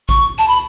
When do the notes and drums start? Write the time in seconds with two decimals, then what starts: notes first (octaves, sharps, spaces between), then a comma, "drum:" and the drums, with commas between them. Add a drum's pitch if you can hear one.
0.09 C#6, drum: kick A1
0.38 A5, drum: hi-hat
0.48 B5